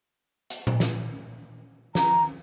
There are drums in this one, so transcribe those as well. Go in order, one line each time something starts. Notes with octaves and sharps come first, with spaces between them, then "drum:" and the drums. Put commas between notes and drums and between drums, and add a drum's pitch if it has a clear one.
drum: hi-hat
drum: tom A#2
drum: snare
A#5, drum: snare